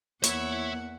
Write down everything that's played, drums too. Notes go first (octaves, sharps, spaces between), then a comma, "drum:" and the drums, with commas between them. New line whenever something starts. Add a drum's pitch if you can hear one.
E2 A#3 C#5 E5 F#5 B5, drum: hi-hat